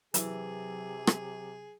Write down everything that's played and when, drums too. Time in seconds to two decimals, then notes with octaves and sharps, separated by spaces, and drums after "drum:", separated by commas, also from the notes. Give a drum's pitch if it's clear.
0.14 C3 E3 F#3 G#4, drum: hi-hat
1.07 drum: rim click